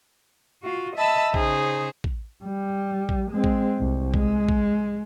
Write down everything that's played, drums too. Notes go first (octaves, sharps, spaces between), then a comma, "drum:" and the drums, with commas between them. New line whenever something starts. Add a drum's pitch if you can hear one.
F4 F#4
D#5 E5 A5 B5 E6
C#3 D#4 G#4 C5, drum: kick
drum: kick
G3
drum: kick
G#3 C4
drum: kick
C2
G#3, drum: kick
drum: kick